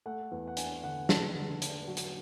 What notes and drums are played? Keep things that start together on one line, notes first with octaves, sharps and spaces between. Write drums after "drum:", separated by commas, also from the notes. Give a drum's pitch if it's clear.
A3 F#5
E2
F#5
D4 G#5, drum: hi-hat
D3 F#5
A3 A5, drum: snare
D3
D4, drum: hi-hat
F#3
drum: hi-hat